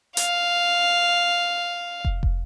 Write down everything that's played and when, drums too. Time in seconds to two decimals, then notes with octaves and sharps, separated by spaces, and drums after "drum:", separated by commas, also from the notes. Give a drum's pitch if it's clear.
0.17 F5, drum: hi-hat
2.05 drum: kick
2.23 drum: kick